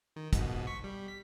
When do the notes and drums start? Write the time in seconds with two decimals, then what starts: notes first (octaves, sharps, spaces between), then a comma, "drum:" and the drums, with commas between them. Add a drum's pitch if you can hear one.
0.16 D#3
0.33 A#1 G#2 B2, drum: kick, hi-hat
0.67 C#6 B6
0.84 G3
1.08 B6